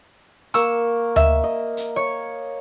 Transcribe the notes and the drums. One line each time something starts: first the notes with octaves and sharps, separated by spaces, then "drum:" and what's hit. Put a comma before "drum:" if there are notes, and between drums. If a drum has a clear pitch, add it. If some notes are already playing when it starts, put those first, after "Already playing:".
A#3 C#6 E6, drum: hi-hat
E5, drum: tom D2
D#5
drum: hi-hat
C#5